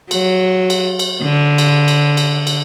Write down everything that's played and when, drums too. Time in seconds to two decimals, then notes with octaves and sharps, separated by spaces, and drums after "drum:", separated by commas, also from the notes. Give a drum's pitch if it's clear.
0.11 F#3, drum: cymbal
0.70 drum: cymbal
0.99 drum: cymbal
1.23 D3
1.58 drum: cymbal
1.88 drum: cymbal
2.17 drum: cymbal
2.47 drum: cymbal